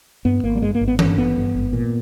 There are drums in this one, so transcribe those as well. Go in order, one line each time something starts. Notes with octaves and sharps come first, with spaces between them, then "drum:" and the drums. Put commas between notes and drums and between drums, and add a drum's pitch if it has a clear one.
G2 B3
G#1 A#3
G3
G2 G#3
A#3
G#1
B3
G2 C#4, drum: tom E3
G#1 B3
G2
G#1
A#2